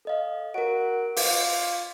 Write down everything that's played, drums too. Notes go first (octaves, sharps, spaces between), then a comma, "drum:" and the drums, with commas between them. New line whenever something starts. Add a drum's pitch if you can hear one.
A4 D#5 F5
F#4 A#4 D7
F4 D6, drum: open hi-hat